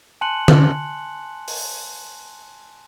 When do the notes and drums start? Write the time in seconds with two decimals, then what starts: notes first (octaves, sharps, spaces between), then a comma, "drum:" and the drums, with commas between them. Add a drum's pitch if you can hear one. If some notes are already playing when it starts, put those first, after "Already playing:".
0.21 G#5 A5 C6 F#6 C#7 F#7
0.48 drum: tom D3
1.48 drum: open hi-hat